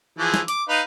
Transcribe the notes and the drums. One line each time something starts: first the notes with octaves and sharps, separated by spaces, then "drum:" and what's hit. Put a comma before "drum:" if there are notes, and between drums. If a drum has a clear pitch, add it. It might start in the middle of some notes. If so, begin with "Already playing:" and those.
E3 F3 G#4
drum: snare
D6, drum: hi-hat
D#4 B4 F5